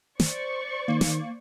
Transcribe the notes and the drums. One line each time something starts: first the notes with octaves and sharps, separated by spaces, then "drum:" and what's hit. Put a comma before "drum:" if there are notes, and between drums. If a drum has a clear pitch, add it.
C5 D5 C#6, drum: snare
D#3 A#3
drum: snare